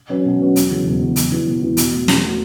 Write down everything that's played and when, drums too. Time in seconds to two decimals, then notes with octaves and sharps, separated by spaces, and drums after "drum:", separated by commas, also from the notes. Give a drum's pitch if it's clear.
0.09 F#3 C#4 F#4 B4
0.25 B2
0.41 F#3 C#4 F#4 B4
0.56 E1, drum: hi-hat
0.70 E2 C#3 F#3
0.87 E1
1.01 E2 C#3 F#3
1.16 E1, drum: hi-hat
1.32 E2 E3
1.47 E1
1.62 E2 E3
1.77 B2, drum: hi-hat
1.92 A3 F#4
2.08 B2, drum: snare
2.24 A3 F#4